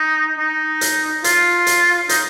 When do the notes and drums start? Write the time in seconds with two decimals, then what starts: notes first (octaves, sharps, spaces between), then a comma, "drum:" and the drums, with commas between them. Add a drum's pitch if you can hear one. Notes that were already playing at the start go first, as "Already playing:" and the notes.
Already playing: D#4
0.39 D#4
0.81 drum: hi-hat
1.24 F4, drum: hi-hat
1.67 drum: hi-hat
2.09 D#4, drum: hi-hat